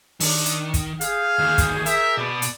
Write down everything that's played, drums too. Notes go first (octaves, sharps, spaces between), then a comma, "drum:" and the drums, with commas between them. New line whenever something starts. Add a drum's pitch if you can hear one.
D#3 D4, drum: open hi-hat
drum: hi-hat
drum: kick, hi-hat
G#4 F5 G6, drum: hi-hat
D2 D#3
drum: kick, hi-hat
A#4 E5, drum: hi-hat
B2 B4 D5
drum: hi-hat